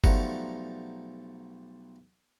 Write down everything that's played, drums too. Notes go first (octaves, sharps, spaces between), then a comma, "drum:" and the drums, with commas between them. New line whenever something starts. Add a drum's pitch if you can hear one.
B1 F3 G3 A3 F#5 A#5, drum: kick G1